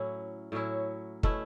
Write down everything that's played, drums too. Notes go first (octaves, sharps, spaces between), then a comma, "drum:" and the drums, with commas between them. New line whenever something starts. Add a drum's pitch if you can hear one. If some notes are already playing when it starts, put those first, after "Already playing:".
Already playing: A2 F#3 C#4 E4
A2 F#3 C#4 E4
B2 A3 C#4 E4, drum: kick